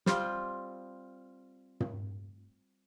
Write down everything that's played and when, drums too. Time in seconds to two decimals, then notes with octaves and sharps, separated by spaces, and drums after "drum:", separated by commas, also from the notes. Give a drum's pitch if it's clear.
0.06 G3 C4 F4 G5, drum: snare
1.80 drum: tom